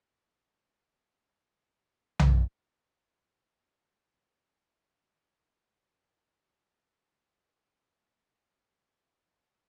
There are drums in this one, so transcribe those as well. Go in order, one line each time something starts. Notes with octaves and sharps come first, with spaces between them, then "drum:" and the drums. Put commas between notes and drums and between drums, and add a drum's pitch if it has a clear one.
G#2 A4 D#5
drum: tom B1
C#3
G#2 F#3 A3
C#3
F#3
G5
A#2
F#4
G3
E4
G#4
G3
C5
F2